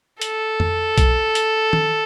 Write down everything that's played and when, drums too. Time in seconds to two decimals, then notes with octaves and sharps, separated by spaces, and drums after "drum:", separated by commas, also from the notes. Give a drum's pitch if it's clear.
0.21 A4, drum: hi-hat
0.60 drum: tom F2
0.98 drum: kick B1, hi-hat
1.35 drum: hi-hat
1.73 drum: tom